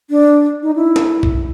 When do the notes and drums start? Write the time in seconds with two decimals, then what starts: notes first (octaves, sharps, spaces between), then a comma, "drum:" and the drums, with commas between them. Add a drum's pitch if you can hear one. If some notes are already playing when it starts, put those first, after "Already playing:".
0.10 D4
0.63 D#4
0.76 E4
0.96 drum: snare
1.23 drum: kick B1